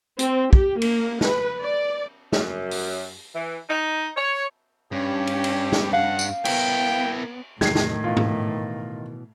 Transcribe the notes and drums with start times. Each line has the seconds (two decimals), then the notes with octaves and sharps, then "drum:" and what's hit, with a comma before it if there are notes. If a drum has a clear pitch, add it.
0.19 C4, drum: hi-hat
0.53 G4, drum: kick
0.82 A#3, drum: cymbal
1.21 B4, drum: snare
1.61 D5
2.32 F#2, drum: snare
2.71 drum: open hi-hat
3.33 E3
3.69 D#4
4.15 C#5
4.92 G2 C#4 G4
5.27 drum: cymbal
5.44 drum: cymbal
5.72 drum: snare
5.93 F5 F#5
6.19 drum: tambourine
6.45 B3 E4 A#4 G5, drum: cymbal
7.61 E2 A2 C3 D#3 F#3 G#6 C7, drum: snare
7.75 drum: snare
8.04 B2 E3 F4
8.17 drum: tom G#2